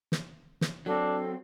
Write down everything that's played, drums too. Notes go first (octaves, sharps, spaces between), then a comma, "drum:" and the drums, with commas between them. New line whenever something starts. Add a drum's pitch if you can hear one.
drum: snare
drum: snare
F#3 C4 D4 A4